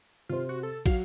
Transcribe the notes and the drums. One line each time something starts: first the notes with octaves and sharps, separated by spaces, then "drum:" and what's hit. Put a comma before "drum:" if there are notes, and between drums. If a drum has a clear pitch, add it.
C3 F4 C5
F#4
A4
F#3 F5, drum: kick, cymbal